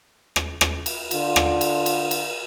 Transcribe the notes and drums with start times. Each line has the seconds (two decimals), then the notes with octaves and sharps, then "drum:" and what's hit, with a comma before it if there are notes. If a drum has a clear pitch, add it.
0.36 drum: rim click
0.61 drum: rim click
0.86 drum: cymbal
1.11 D3 F4, drum: cymbal
1.36 drum: rim click
1.61 drum: cymbal
1.86 drum: cymbal
2.11 drum: cymbal